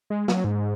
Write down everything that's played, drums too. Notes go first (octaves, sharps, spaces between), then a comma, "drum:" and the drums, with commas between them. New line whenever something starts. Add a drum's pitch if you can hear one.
G#3
F#3, drum: snare
G#2